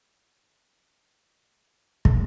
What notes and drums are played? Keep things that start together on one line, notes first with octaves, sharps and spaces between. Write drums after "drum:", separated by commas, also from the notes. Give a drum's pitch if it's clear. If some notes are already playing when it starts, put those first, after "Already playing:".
C7
D6
G#5 D6
drum: kick